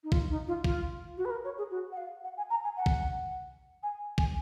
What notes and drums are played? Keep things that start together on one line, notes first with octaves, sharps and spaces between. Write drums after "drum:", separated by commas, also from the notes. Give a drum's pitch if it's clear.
D#4
F4, drum: kick
D#4
F4
F4, drum: kick
F#4
B4
A#4
C#5
G#4
F#4
F#5
F5
F#5
G#5
A#5
G#5
F#5
drum: kick
G#5
G#5, drum: kick